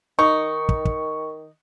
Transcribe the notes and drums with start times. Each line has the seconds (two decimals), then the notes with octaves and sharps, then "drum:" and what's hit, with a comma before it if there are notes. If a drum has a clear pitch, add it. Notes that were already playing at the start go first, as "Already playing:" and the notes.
0.19 D#3 D#4 C#6
0.69 drum: kick
0.85 drum: kick